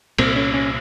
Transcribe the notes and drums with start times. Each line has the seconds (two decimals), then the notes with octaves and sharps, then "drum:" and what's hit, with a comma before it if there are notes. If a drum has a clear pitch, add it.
0.18 C2 A#2 C4, drum: cymbal
0.36 C#4
0.54 C#4